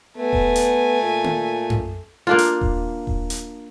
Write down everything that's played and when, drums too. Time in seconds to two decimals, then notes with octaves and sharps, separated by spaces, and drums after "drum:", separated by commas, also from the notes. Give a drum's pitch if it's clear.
0.18 A3 B3 G#5
0.33 drum: kick D#1
0.56 drum: hi-hat
1.01 A#2
1.24 drum: tom A#3
1.70 drum: tom F#2
2.27 A#3 D4 F4
2.39 drum: hi-hat
2.61 drum: kick D#1
3.07 drum: kick D#1
3.30 drum: hi-hat